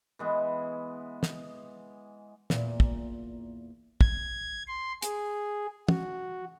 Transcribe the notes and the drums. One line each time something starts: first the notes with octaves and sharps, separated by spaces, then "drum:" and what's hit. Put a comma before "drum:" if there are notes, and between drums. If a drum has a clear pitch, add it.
E3 G#3 B3
drum: snare
E2 A#2, drum: snare
drum: kick
G#6, drum: kick
C6
G#4, drum: hi-hat
F#4, drum: tom